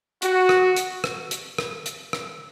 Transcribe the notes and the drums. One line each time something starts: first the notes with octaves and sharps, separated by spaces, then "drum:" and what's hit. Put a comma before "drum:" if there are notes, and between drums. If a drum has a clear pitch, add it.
F#4, drum: hi-hat
drum: rim click
drum: hi-hat
drum: rim click
drum: hi-hat
drum: rim click
drum: hi-hat
drum: rim click